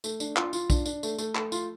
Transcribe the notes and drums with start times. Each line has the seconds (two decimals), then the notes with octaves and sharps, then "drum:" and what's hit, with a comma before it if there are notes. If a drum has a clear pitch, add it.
0.04 A3, drum: tambourine
0.20 D4, drum: tambourine
0.36 F4, drum: clap
0.53 F4, drum: tambourine
0.70 D4, drum: kick B1, tambourine
0.85 D4, drum: tambourine
1.03 A3, drum: tambourine
1.18 A3, drum: tambourine
1.35 A3, drum: clap
1.52 F4, drum: tambourine